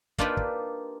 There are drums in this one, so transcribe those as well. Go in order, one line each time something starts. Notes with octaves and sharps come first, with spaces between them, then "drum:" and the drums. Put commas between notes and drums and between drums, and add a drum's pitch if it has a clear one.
A#3 D4 D#4 F4 G4 B4, drum: kick
drum: kick